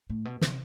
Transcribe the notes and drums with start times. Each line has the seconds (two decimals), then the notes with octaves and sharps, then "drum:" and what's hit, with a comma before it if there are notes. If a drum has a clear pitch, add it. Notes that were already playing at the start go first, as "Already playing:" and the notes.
0.10 A2
0.25 B2
0.41 C3, drum: snare